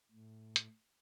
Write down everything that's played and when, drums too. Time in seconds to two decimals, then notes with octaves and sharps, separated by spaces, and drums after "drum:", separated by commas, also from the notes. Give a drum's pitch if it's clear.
0.11 A2
0.56 drum: hi-hat